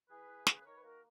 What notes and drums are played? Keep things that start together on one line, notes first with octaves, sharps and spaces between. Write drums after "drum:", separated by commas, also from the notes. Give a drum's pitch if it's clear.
E3 G#4 B4
E3
C#3, drum: snare
B4
D#3 A#4 C#5
B4
A#3 F#4 A#4